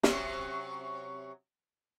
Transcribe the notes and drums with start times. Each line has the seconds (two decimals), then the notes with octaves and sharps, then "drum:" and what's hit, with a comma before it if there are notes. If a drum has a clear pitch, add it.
0.03 C3 F#3 C#4, drum: snare